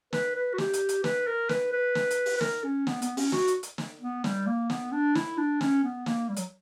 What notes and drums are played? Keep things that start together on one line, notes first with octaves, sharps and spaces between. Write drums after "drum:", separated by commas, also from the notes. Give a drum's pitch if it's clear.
B4, drum: snare
B4
F#4
G4, drum: snare
drum: hi-hat
drum: hi-hat
B4, drum: snare
A#4
B4, drum: snare
B4
drum: snare
drum: hi-hat
drum: open hi-hat
B4
A#4, drum: snare
C#4
B3, drum: snare
B3, drum: hi-hat
C#4, drum: open hi-hat
F#4, drum: snare
drum: hi-hat
drum: hi-hat
drum: snare
B3
G3, drum: snare
A#3
B3, drum: snare
D4
E4, drum: snare
D4
C#4, drum: snare
B3
A#3, drum: snare
G3
F#3, drum: hi-hat